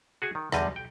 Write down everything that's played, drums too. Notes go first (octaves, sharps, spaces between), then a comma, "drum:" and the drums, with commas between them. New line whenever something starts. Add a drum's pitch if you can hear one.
F#4 G#4 G#5
D#3
E2 D3 G3 D#5, drum: rim click
G5